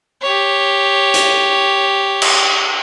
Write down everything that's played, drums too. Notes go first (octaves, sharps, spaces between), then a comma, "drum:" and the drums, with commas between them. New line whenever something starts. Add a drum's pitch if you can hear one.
G4 C#5
drum: hi-hat
drum: cymbal